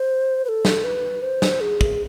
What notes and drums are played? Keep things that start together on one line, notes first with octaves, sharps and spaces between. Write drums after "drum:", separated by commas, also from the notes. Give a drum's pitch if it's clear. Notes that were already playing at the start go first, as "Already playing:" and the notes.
Already playing: C5
B4
A4
drum: snare
B4
C5
drum: snare
G#4
drum: kick